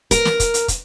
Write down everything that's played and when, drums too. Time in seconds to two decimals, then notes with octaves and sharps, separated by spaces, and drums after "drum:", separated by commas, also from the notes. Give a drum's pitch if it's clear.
0.11 A#4, drum: kick, hi-hat
0.25 drum: snare
0.40 drum: kick, hi-hat
0.54 drum: hi-hat
0.68 drum: kick, hi-hat